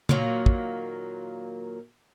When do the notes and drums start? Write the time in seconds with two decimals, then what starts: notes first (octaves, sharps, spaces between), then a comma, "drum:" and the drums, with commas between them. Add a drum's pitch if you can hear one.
0.09 A#2 D#3 F#3 A#3, drum: tom
0.46 drum: kick